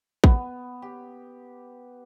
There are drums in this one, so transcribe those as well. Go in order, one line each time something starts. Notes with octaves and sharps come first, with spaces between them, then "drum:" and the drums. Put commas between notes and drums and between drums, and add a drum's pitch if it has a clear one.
B3, drum: kick
G4